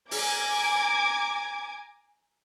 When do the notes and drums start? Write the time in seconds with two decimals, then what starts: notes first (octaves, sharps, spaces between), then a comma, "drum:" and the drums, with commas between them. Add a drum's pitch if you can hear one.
0.11 G#5 A#5 D6 G#6, drum: open hi-hat